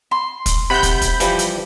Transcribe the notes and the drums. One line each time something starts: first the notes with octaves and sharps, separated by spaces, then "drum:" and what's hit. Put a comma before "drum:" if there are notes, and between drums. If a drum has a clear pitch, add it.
C6
drum: kick, hi-hat
C3 F#5 B5 G6
drum: kick, hi-hat
drum: kick, hi-hat
E3 F3 G3, drum: hi-hat
drum: hi-hat